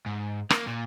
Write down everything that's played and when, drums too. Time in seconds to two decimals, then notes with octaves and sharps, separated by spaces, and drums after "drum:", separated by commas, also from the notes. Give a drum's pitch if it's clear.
0.06 G#2
0.50 A#3, drum: rim click
0.67 A#2